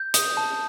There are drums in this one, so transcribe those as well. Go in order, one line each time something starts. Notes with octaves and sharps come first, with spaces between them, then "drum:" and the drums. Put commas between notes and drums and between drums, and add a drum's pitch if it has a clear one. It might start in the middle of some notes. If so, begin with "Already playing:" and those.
Already playing: G6
D#6, drum: hi-hat
A5